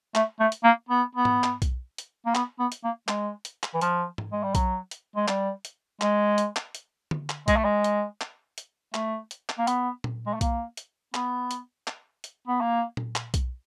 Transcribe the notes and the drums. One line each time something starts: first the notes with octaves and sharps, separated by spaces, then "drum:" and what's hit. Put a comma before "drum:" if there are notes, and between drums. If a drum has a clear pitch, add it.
A3, drum: clap
A3
drum: hi-hat
A#3
B3
B3
drum: tom
drum: clap
drum: kick B1, hi-hat
drum: hi-hat
A#3
B3, drum: clap
B3
drum: hi-hat
A#3
G#3, drum: clap
drum: hi-hat
drum: clap
E3
F3, drum: hi-hat
drum: tom
G#3
G3
F#3, drum: kick B1, hi-hat
drum: hi-hat
G#3
G3, drum: clap
drum: hi-hat
G#3, drum: clap
drum: hi-hat
drum: clap
drum: hi-hat
drum: tom D3
drum: clap
G#3, drum: kick B1, hi-hat
A3
G#3
drum: hi-hat
drum: clap
drum: hi-hat
A3, drum: clap
drum: hi-hat
drum: clap
A#3
B3, drum: hi-hat
drum: tom A#2
G#3
A3
A#3, drum: kick B1, hi-hat
drum: hi-hat
B3, drum: clap
drum: hi-hat
drum: clap
drum: hi-hat
B3
A#3
drum: tom A#2
drum: clap
drum: kick B1, hi-hat